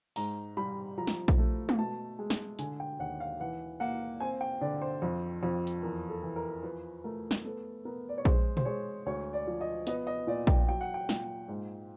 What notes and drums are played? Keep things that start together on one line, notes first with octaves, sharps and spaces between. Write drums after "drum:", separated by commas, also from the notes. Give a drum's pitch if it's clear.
G#2 A#5, drum: open hi-hat
G3 B5
F3 A#5
drum: snare
drum: kick A#1
A3
drum: tom G#3
B2 A5
G#3
drum: snare
D3 G#5, drum: hi-hat
G5
D#2 F#5
F5
E3 F#5
A#3 F#5
C4 G#5
G5
D3 D5
C5
F2
F2
drum: hi-hat
E2 A#4
A4
E3
A#4
F3 B4
A3 A#4
drum: snare
B3 A4
B3 A#4
D5
C#5
G#3 C5, drum: kick A#1
C5, drum: tom A#2
G#3 C#5
D2 C#5
D5
F3
D#5
B3 D#5, drum: hi-hat
D#5
A#2 D5
G5, drum: kick A#1
F#3 G5
F#5
G5
A#2, drum: snare
G#2